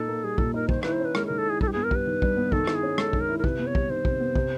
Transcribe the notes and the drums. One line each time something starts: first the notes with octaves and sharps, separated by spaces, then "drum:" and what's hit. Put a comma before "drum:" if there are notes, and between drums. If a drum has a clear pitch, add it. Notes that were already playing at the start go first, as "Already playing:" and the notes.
Already playing: A#2 D#4 A4
A#3
G3 G#4
A#2 A4, drum: kick
D#4 A#4
D#3 C5, drum: kick
E4 B4, drum: rim click
C5
C#4
B4
G#3 A#4, drum: rim click
D#3 A#4
A4
E4 G#4
G2 A4, drum: kick
G4
B3 G#4
A#4
G3 B4, drum: kick
D#3
G2, drum: kick
B3
D#3 A4, drum: kick
E4, drum: rim click
G#4
C#4
G#3 A4, drum: rim click
D#3, drum: kick
A#4
E4
A#4
C3 B4, drum: kick
B3
C#5
G3, drum: kick
D#3 C5
C3, drum: kick
B3
C3, drum: kick